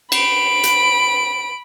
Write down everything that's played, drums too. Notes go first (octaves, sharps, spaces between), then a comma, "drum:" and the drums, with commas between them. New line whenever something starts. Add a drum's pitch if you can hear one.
B5 D7, drum: cymbal
drum: hi-hat